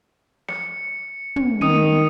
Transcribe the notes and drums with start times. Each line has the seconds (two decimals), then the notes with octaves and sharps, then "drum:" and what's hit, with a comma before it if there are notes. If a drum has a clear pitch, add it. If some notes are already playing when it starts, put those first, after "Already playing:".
0.48 C#7, drum: snare
1.36 drum: tom
1.61 D#3 D#6 C#7 D#7, drum: tom